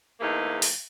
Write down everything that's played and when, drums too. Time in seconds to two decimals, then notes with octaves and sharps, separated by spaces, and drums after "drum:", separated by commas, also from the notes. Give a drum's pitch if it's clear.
0.20 E2 G#2 A3 A#3 D#4
0.62 drum: open hi-hat